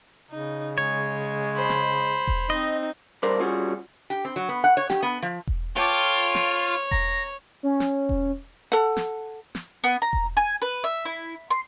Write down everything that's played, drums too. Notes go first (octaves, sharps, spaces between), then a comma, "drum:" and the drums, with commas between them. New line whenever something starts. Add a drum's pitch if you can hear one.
C#3 D#4
G#3 C#5
C5 B5
drum: snare
drum: kick E1
C4 D#4 D#5
G2 G3 A#4 C5 D5
G3 C#4 F4 F#4 G#4
G4
C4
F#3
B3
F#5
C#5
G4, drum: snare
B3
F3
drum: kick E1
F4 A4 C#5 G5 D6 D7
drum: snare
A#5 A#6, drum: kick E1
C#4
drum: snare
drum: kick E1
A4 F#5
drum: snare
drum: snare
B3
A#5
drum: kick E1
G#5
B4
E5
E4
C6